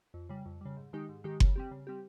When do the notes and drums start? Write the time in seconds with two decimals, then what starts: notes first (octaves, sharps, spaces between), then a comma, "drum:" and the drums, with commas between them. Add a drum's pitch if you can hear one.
0.14 F2
0.29 C#3 G3
0.46 F2
0.61 C#3 G3
0.77 G#2
0.93 D#3 G#3 D#4 G4
1.09 G#2
1.24 D#3 G#3 D#4 G4
1.40 C#3, drum: kick F#1
1.56 G3 C4 G4
1.71 C#3
1.87 G3 C4 G4